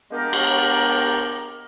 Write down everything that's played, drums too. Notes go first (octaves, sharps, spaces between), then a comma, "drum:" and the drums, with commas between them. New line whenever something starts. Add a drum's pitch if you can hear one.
G#3 A#3 B3 D4 G4 A#4
drum: cymbal